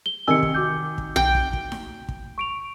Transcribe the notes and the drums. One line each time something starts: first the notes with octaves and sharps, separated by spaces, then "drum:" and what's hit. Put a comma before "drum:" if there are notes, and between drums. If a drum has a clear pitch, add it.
G7
C3 D#3 G#5 E6 C#7
drum: kick
F#4 D6 G6
drum: kick
G5, drum: tom B1
drum: kick
drum: kick
drum: snare D#4
drum: kick
C#6 D7 F7